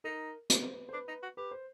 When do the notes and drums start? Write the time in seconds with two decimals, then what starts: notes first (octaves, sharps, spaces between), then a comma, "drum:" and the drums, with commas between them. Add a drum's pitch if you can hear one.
0.04 D#4 A#4
0.50 B4, drum: hi-hat
0.64 C5
0.71 B4
0.89 C5
0.93 D4 B4
1.08 D#4
1.23 F#4
1.37 G4 B4
1.51 C5